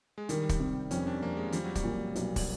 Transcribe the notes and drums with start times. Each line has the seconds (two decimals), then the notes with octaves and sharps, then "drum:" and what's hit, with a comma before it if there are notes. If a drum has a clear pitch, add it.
0.18 G#3
0.29 D#3 G3, drum: hi-hat
0.49 drum: kick, hi-hat
0.60 C3
0.91 F2 C#4, drum: hi-hat
1.07 D4
1.22 F2 A#3
1.37 G#3
1.52 F3 G3, drum: hi-hat
1.64 F#3
1.75 G3, drum: kick, hi-hat
1.84 A#2
2.16 B1, drum: hi-hat
2.36 drum: kick, open hi-hat